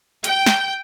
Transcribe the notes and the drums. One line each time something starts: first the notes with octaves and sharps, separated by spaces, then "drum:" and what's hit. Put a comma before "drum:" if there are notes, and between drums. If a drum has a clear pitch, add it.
G5, drum: hi-hat
drum: snare